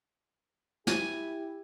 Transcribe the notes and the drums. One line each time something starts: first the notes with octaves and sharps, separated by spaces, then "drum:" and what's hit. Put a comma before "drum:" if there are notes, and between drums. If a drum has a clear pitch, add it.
E4 G4 G#5, drum: snare